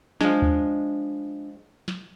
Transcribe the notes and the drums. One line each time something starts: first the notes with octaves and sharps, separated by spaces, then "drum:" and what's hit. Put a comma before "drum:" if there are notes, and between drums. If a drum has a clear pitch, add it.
F3 G#3 D4, drum: snare
drum: kick
drum: snare